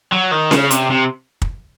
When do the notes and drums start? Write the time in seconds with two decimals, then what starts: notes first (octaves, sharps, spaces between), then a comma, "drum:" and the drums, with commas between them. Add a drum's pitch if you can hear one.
0.12 F#3
0.31 D#3
0.51 C#3, drum: snare C#4
0.71 C3, drum: hi-hat
0.91 C3
1.42 drum: kick